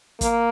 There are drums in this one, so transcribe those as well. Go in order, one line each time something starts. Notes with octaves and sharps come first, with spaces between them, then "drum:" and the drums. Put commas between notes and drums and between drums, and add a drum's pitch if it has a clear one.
A#3, drum: kick, hi-hat